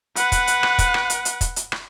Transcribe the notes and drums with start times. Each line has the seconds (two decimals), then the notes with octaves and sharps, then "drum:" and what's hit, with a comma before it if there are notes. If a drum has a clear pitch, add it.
0.16 B4 F#5, drum: hi-hat
0.32 drum: kick, hi-hat
0.47 drum: hi-hat
0.63 drum: rim click
0.79 drum: kick, hi-hat
0.94 drum: rim click
1.10 drum: hi-hat
1.25 drum: hi-hat
1.41 drum: kick, hi-hat
1.56 drum: hi-hat
1.72 drum: rim click